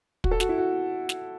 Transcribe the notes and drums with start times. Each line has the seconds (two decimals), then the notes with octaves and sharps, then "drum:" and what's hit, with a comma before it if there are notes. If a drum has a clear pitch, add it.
0.24 F#4, drum: kick
0.31 A4
0.40 F#4, drum: snare
0.49 E4
0.58 F#4
1.09 drum: snare